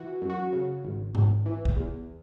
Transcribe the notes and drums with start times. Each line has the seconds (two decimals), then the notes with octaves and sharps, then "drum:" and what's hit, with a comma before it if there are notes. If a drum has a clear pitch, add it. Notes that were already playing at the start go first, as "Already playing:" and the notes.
Already playing: E3 F#4
0.22 F#2
0.30 F#4
0.52 C#3
0.84 G#1
1.15 G#1, drum: tom G#2
1.46 E3
1.65 drum: kick
1.77 E2